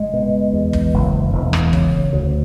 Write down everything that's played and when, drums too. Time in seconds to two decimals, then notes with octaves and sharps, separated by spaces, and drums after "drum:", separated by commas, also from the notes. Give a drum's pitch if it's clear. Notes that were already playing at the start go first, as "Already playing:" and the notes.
Already playing: F#1 G#3
0.14 B2
0.53 E2
0.73 drum: kick
0.93 F#1
1.33 E1
1.53 drum: rim click
1.73 C#3, drum: kick
2.13 D2